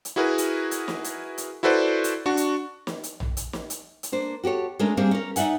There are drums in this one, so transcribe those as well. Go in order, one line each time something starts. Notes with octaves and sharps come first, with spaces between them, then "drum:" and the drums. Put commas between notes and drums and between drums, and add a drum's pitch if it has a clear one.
drum: hi-hat
E4 F#4 G#4 A#4 B4
drum: hi-hat
drum: hi-hat
drum: snare
drum: hi-hat
drum: hi-hat
E4 F#4 A4 B4 C5 D5
drum: hi-hat
D4 F#4 C#6
drum: hi-hat
drum: snare
drum: hi-hat
drum: tom A#1
drum: hi-hat
drum: snare
drum: hi-hat
drum: hi-hat
A#3 D4 C5
F#4 G4 A4 C#5
G#3 A3 C#4 D4 A#4
G3 A#3 C4 D4 G#4
C#4 A#4
D#4 D5 E5 F#5 G#5, drum: hi-hat